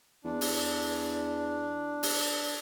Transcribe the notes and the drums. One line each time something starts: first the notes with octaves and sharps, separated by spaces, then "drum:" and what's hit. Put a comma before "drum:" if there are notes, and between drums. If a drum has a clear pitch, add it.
E2 D4
drum: open hi-hat
drum: open hi-hat